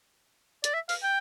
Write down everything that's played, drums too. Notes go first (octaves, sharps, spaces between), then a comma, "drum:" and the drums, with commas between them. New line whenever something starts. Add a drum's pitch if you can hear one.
D5, drum: hi-hat
E5
F5, drum: open hi-hat
G5